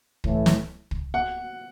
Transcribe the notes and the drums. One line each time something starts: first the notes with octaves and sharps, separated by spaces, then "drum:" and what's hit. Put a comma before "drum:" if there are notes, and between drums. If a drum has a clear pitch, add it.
A2 E3 A3, drum: kick
drum: snare
drum: kick
F#5